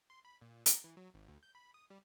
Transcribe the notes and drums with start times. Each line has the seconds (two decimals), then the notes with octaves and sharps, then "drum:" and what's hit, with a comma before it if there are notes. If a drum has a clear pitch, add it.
0.10 C6
0.25 B5
0.41 A#2
0.66 A#5, drum: hi-hat
0.84 E3
0.97 F#3
1.14 G#1
1.28 D2
1.43 G6
1.55 B5
1.74 D#6
1.90 G3